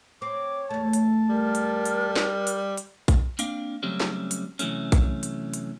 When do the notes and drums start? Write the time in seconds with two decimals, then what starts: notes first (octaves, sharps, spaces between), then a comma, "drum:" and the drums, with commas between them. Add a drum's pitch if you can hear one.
0.22 C4 C#5 D6
0.70 E2 A3 A5
0.93 drum: hi-hat
1.29 G3 A#4
1.55 drum: hi-hat
1.85 drum: hi-hat
2.16 drum: snare
2.47 drum: hi-hat
2.77 drum: hi-hat
3.08 drum: kick A#1, hi-hat
3.39 A#3 C4 D4 F5, drum: hi-hat
3.83 C#3 F#3 G3 A3 C4 C#4
4.00 drum: snare
4.31 drum: hi-hat
4.59 C3 E3 F#3 A3 C#4, drum: hi-hat
4.92 drum: kick A#1, hi-hat
5.23 drum: hi-hat
5.54 drum: hi-hat